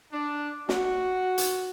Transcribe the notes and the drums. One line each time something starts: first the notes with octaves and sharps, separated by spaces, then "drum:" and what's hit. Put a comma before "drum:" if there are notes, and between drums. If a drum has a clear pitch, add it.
D4
F#4, drum: snare
drum: hi-hat